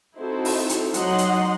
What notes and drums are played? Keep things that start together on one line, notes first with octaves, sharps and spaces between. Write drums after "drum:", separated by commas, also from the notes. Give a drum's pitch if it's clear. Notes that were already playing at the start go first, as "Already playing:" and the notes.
C4 D#4 E4 F#4 A4 C5
drum: open hi-hat
drum: hi-hat
F#3 D#4 D#5 F#5 C6, drum: hi-hat
drum: hi-hat